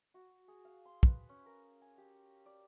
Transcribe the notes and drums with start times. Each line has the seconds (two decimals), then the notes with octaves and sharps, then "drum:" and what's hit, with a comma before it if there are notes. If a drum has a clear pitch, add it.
0.14 F#4
0.48 G#4
0.65 F5
0.85 C6
1.03 B4, drum: kick
1.29 C#4
1.46 A#4
1.82 G#5
1.98 G4
2.46 D5